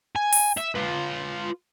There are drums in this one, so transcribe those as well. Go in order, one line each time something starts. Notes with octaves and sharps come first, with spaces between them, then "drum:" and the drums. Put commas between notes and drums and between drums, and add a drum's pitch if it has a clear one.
G#5
drum: open hi-hat
E5
F4 B4